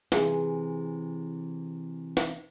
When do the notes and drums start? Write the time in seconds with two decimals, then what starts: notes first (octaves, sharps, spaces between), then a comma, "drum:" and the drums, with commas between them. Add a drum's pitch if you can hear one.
0.12 C3 E3 G#4, drum: snare
2.17 drum: snare